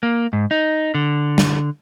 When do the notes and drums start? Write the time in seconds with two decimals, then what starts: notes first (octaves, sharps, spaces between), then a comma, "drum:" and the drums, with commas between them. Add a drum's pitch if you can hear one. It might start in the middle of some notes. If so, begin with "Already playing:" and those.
0.03 A#3
0.33 G#2
0.51 D#4
0.95 D3
1.38 drum: snare